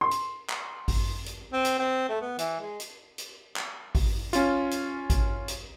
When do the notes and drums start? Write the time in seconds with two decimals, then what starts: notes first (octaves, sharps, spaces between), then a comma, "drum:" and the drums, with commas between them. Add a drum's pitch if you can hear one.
0.01 C6
0.11 drum: hi-hat
0.50 drum: clap
0.88 drum: kick G#1, open hi-hat
1.26 drum: hi-hat
1.53 C4
1.65 drum: hi-hat
1.79 C4
2.09 A3
2.21 B3
2.39 E3, drum: hi-hat
2.60 G#3
2.80 drum: hi-hat
3.18 drum: hi-hat
3.56 drum: clap
3.95 drum: kick G#1, open hi-hat
4.33 C#4 F4, drum: hi-hat
4.71 drum: hi-hat
5.10 drum: kick G#1, hi-hat
5.48 drum: hi-hat